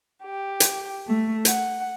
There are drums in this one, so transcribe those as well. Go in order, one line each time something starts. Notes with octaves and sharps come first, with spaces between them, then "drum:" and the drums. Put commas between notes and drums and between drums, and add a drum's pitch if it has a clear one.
G4
drum: hi-hat
A3
F#5, drum: hi-hat